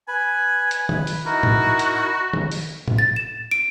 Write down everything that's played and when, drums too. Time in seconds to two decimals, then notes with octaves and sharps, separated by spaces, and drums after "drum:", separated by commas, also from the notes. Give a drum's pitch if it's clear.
0.08 B4 G#5 B5
0.71 drum: hi-hat
0.89 drum: tom
1.07 drum: open hi-hat
1.25 D#4 E4 F#4 A#4
1.43 drum: tom
1.79 drum: hi-hat
2.33 drum: tom
2.52 drum: open hi-hat
2.88 drum: tom
2.99 A6
3.16 E7
3.51 D7